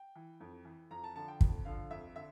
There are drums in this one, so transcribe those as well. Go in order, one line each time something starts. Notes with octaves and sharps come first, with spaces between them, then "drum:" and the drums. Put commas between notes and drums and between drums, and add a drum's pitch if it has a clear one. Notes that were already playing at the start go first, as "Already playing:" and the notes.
Already playing: G5
E3
F2
E3
F2 A#5
A5
D3 F3 A5
G5
F2, drum: kick
D3 F3 F5
F2 E5
D3 E5